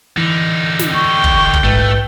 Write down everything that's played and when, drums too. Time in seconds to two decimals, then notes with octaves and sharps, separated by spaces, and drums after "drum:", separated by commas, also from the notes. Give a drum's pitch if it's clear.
0.18 D3 E3 D#4
0.79 drum: snare
0.94 G5 C#6
1.24 drum: kick
1.53 drum: kick
1.64 A#1 G#2 A3 B4